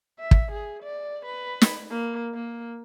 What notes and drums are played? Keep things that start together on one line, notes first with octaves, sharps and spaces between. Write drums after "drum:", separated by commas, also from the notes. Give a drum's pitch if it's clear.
E5
drum: kick
G#4
D5
B4
drum: snare
A#3
A#3